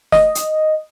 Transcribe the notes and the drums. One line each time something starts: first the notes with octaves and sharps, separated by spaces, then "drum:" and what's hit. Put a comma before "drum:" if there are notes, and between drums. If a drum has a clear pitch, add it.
D#5, drum: snare
drum: hi-hat